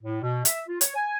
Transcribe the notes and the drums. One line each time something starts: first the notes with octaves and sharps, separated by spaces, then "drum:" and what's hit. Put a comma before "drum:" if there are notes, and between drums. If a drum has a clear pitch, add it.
A2
B2
E5, drum: hi-hat
F4
C#5, drum: hi-hat
G#5